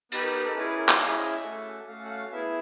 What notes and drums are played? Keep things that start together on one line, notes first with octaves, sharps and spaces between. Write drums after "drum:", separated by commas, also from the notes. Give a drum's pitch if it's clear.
B3 D#4 G4 B4, drum: cymbal
A#4
A#4
A4
C#4 E4 G#4 B4
B4
A#4
E5, drum: clap
C#4 E4 G#4 F5
E5
D#5
E5
A3 C#4 F#4 A4
A3 C#4 F#4 A4 F5
F#5
F5
B3 E4 G#4 E5